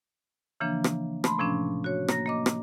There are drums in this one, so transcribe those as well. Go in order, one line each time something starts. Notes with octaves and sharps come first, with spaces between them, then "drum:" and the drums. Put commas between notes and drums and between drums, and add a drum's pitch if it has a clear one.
C#3 E3 F3 A#3 D4
drum: rim click
A3 B5 C6, drum: rim click
A2 C3 F3 C#4 D4
F#4 C#5
A#3 A#6, drum: rim click
A#3 D#5 D6
drum: rim click